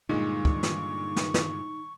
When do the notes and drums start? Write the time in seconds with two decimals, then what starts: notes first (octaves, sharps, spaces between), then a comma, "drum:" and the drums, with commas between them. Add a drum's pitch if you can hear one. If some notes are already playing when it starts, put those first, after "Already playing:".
0.09 G2 A#2 D3 G#3 D#4 C#6
0.45 drum: kick
0.63 drum: snare
1.16 drum: snare
1.34 drum: snare